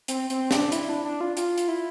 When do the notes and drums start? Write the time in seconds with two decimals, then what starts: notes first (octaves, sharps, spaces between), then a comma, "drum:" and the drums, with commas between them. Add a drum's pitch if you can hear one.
0.08 C4, drum: hi-hat
0.30 C4, drum: hi-hat
0.51 D4, drum: snare
0.72 E4, drum: hi-hat
0.89 D4
1.05 D4
1.21 F4
1.37 F4, drum: hi-hat
1.58 drum: hi-hat
1.68 E4